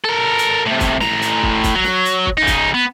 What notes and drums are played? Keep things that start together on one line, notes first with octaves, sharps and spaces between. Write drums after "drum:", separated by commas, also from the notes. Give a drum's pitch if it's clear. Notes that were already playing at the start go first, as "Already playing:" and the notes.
A4 A#4
drum: hi-hat
A2 C3
drum: kick, hi-hat
A2 A#5, drum: snare
drum: hi-hat
drum: kick
drum: kick, hi-hat
F#3
drum: snare
drum: hi-hat
drum: kick
C#3 D#4
drum: kick, hi-hat
B3